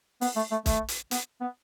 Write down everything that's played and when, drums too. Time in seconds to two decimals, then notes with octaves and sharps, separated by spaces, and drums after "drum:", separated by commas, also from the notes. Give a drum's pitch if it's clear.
0.21 B3, drum: open hi-hat
0.36 A3
0.51 A3
0.66 A3, drum: kick, hi-hat
0.88 drum: hi-hat
1.11 B3, drum: hi-hat
1.41 B3